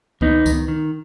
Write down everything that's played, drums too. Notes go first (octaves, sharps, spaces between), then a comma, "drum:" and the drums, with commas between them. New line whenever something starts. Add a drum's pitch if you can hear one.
D#2 B3 D#4, drum: kick C#2
D#3, drum: kick C#2, tambourine
D#3